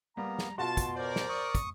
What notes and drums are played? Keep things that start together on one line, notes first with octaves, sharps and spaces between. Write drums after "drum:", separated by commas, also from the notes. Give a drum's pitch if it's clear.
G3 A#3 B3 A#5
drum: snare
B2 F4 F#4 A5 C6
drum: kick, hi-hat
A#4 C5 D5
drum: snare
C#6 D#6
drum: kick, hi-hat